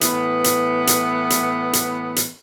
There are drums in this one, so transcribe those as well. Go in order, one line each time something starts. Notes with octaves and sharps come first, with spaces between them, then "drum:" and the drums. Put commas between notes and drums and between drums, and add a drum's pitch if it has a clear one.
A2 E3 B3, drum: hi-hat
drum: hi-hat
drum: hi-hat
drum: hi-hat
drum: hi-hat
drum: hi-hat